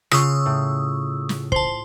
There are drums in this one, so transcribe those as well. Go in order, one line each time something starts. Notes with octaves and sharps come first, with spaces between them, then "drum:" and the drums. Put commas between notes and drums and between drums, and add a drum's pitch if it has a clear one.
C#3 F4 C#6 D#6 E6, drum: rim click
A2
drum: snare
C5 A5 C6 C7, drum: kick